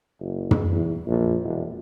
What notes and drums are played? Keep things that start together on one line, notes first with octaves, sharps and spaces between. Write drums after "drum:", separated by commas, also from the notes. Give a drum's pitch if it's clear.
F#1
drum: tom
E2
A#1
E1